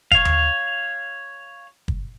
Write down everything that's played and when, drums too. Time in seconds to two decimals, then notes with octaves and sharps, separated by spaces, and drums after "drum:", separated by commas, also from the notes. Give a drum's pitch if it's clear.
0.12 C#5 F5, drum: kick
0.25 drum: tom D#2
1.88 drum: kick